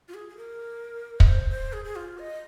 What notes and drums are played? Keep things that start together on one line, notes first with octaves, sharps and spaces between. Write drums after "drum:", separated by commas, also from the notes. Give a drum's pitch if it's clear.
F4
G#4
G#4
A#4
D#5, drum: kick
C5
C5
G#4
G#4
F4
D#5